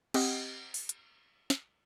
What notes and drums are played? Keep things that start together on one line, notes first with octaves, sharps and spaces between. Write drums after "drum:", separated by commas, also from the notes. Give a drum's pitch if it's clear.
C4 G4 D#5 F#5, drum: cymbal
drum: open hi-hat
drum: hi-hat
drum: snare